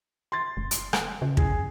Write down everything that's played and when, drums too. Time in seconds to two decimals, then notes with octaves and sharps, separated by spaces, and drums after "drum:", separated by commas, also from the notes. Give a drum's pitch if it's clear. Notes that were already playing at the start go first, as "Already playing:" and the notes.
0.32 C6 A6
0.57 F#1
0.71 drum: hi-hat
0.93 drum: rim click
1.22 C#3
1.37 G#4, drum: kick